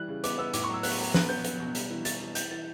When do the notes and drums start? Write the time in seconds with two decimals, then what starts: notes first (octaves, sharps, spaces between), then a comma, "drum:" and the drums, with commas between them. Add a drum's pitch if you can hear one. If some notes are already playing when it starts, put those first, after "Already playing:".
Already playing: E3 G3 F#6
0.08 C#3
0.24 B3 D6, drum: hi-hat
0.38 B3 E6
0.54 A2 D6, drum: hi-hat
0.64 C#6
0.69 F#3 E6
0.83 B3 F#6, drum: open hi-hat
0.99 F#3
1.14 B3 F#6, drum: snare
1.29 B3 G6
1.44 B3, drum: hi-hat
1.60 B2
1.75 G3, drum: hi-hat
1.90 E3
2.05 E3 A6, drum: hi-hat
2.20 E3
2.35 E3 G6, drum: hi-hat
2.51 E3 A6